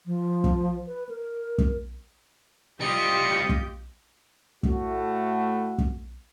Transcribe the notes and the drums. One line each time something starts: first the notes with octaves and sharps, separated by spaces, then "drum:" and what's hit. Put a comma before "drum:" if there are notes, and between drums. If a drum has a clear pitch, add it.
F3
drum: kick
B4
A#4
drum: kick
G3 C4 F4 G4 D#5 G6 C#7
drum: kick
A2 A3 F#4, drum: kick
drum: kick